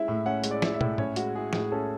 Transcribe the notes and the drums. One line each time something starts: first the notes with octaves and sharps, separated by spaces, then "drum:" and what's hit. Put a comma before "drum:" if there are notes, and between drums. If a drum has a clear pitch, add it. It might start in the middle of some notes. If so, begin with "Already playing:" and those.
Already playing: G#3 C#4 E4 E5
A2
C#4 F#5
G#3, drum: hi-hat
D5
E4, drum: snare
E5
A2, drum: tom
C#4 C#5, drum: tom G#2
G#3 F#4, drum: hi-hat
E4 G#4
A2 G#4, drum: snare
C#4 A4